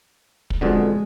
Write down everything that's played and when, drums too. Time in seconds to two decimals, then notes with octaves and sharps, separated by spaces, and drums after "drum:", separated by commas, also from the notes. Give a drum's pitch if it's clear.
0.50 drum: kick
0.61 F2 B2 D3 G#3